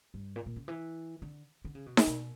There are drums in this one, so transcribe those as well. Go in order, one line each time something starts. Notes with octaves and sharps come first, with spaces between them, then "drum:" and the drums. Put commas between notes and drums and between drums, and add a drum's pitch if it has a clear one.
G2
A#2
A#2
C#3
E3
D3
D3
C#3
B2
C#3, drum: snare D#4
B2